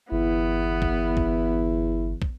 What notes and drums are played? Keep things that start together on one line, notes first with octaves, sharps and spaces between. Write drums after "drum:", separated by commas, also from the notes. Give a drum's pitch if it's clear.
G1 E2 B3 E4
drum: kick
drum: kick
drum: kick